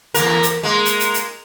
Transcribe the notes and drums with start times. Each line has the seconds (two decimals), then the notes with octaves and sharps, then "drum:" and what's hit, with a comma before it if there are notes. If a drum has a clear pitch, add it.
0.14 E2 A#3 A#4, drum: hi-hat
0.43 drum: hi-hat
0.63 G#3 A#3
0.86 drum: hi-hat
1.00 drum: hi-hat
1.14 drum: hi-hat